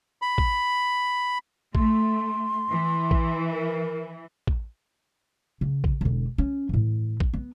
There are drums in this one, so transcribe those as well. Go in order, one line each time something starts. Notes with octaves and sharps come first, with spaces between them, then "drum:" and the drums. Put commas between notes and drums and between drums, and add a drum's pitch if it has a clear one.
B5
drum: kick A1
A3 C6, drum: kick A1
E3
drum: kick A1
A#4
drum: kick A1
C#3
drum: kick A1
E1 D3
C#4
A2 E3
drum: kick A1
B3